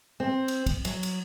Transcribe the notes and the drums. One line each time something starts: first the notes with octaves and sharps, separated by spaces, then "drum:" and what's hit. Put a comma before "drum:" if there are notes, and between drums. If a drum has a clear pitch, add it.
C4
drum: cymbal
drum: kick, cymbal
F#3, drum: cymbal
drum: cymbal